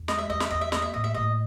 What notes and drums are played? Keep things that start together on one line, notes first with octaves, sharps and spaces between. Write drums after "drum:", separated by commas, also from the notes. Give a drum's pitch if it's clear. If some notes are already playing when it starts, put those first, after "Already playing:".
Already playing: E2
G#3 D#5, drum: snare
E5
E2 D#5
E5, drum: snare
E2 D#5
E5
A#3 D#5, drum: snare
E5
A2 D#5
E5
A2 D#5